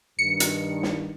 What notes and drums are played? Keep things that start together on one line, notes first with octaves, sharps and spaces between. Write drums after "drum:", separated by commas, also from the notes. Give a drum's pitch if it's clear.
G2 D#3 C#7
drum: hi-hat
drum: snare